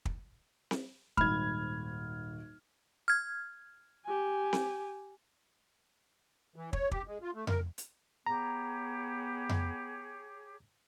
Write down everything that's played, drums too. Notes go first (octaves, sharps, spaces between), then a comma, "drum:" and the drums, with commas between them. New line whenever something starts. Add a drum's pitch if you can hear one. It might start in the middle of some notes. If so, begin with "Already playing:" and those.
drum: kick
drum: snare C4
D#1 G#1 B5 F6 G#6, drum: kick
F6 G#6
G4 G#5
drum: snare C4
E3
C#5, drum: kick
G4, drum: kick
G#3
F4
A3
A#4, drum: tom F2
drum: hi-hat
B3 G4 G#4 C#5 A#5
drum: tom F2